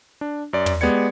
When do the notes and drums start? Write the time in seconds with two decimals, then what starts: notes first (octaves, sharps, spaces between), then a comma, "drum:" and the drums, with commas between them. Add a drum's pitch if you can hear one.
0.21 D4
0.53 F#2 D5
0.66 drum: tom
0.81 G#3 B3 G4 D5 G#6 C#7